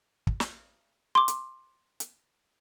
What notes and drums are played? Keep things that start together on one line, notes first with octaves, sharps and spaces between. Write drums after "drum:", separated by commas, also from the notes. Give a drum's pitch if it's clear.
drum: kick
drum: snare
C6 D6
drum: hi-hat
drum: hi-hat